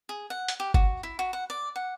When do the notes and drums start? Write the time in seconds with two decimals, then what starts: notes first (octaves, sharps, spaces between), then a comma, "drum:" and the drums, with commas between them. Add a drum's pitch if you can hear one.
0.09 G#4
0.30 F#5
0.48 drum: hi-hat
0.60 G4
0.74 F#4, drum: kick G1
1.03 E4
1.19 F#4
1.33 F#5
1.50 D5
1.76 F#5